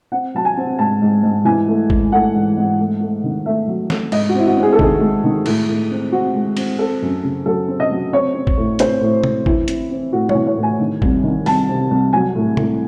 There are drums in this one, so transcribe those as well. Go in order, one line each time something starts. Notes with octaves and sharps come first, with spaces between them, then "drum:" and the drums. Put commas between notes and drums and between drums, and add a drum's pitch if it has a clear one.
C4 F#5
F#3 A5
G#5
C4
G#2 A5
G#2
G#2
E3 G#5
A3
G#2, drum: kick
A3 F#5
G#2
G#2
A3
A3
D#3
A3 E5
F#3
A3, drum: snare
G#2 D#5, drum: cymbal
F#4
C4 E4
F#4
C4
G#4
A4
D#3 G#4, drum: kick
G#3
D#3
A2, drum: cymbal
A2
C4
C4 F#4
G#3
C4, drum: cymbal
C4 A4
F#2
C#3
F#3 A4
C4
D#5
F#3
C4 C#5
C4
drum: kick
A2
C4 C5, drum: hi-hat
A2
C4, drum: tom C3
E3 E4, drum: kick
C4, drum: hi-hat
C4
A2 F#4
C#5, drum: tom
E3
C#5
A2
G#5
D#3
C2, drum: kick
D#3
C2 A5, drum: open hi-hat
C3
C2
F#3 G#5
A2
A2, drum: tom C3